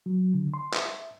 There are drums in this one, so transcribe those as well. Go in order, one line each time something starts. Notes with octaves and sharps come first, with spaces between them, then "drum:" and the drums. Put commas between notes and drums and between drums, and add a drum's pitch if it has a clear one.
F#3
D3
C6
E5, drum: clap